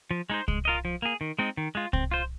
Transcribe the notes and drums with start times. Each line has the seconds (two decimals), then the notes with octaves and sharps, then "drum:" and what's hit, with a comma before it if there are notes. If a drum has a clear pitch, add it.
0.11 F3
0.30 G#3 D#4 C5
0.48 G#3, drum: kick C2
0.65 F4 A#4 D#5
0.85 F3
1.02 A#3 G#4
1.21 D#3
1.39 G#3 C4 D#4
1.57 D#3
1.75 G#3 F4
1.93 C4, drum: kick C2
2.11 F4 C5